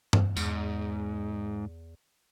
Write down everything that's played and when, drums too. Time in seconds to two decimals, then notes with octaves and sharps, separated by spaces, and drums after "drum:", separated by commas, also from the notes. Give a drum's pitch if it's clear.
0.13 drum: tom G2
0.37 E2 G#2, drum: tambourine